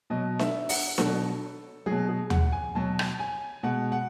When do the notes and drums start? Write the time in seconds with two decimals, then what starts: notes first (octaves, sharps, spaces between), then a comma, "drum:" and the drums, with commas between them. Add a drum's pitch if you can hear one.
0.10 B2 F#3 D#5
0.39 E5, drum: snare D4
0.69 F#5, drum: open hi-hat
0.98 B2 F#3 A4, drum: snare D4
1.86 F#3 G#4
1.91 B2
2.09 G#4
2.30 F#5, drum: tom D#2
2.52 G#5
2.75 B2 F#3 A5
2.99 drum: rim click
3.20 G#5
3.63 B2 G#3 F#5
3.92 F#5